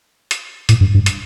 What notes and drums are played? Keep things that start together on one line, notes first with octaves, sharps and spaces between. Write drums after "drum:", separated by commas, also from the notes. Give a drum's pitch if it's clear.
drum: hi-hat
A2, drum: hi-hat
G2
G2
drum: hi-hat